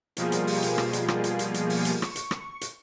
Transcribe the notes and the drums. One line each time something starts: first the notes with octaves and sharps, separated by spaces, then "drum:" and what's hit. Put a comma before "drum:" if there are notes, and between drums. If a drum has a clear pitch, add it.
B2 F3 G3 A#3 F4 G#4, drum: hi-hat
drum: hi-hat
drum: open hi-hat
drum: hi-hat
drum: rim click
drum: hi-hat
drum: rim click
drum: hi-hat
drum: hi-hat
drum: hi-hat
drum: open hi-hat
drum: hi-hat
C#6, drum: rim click
drum: hi-hat
drum: rim click
drum: hi-hat